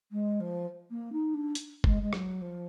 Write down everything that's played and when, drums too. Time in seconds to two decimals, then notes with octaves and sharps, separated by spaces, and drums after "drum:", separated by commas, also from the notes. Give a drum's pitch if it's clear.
0.12 G#3
0.40 F3
0.91 A#3
1.13 D#4
1.34 D4
1.55 drum: hi-hat
1.84 G#3, drum: kick F#1
2.02 G#3
2.13 F#3, drum: rim click
2.42 F3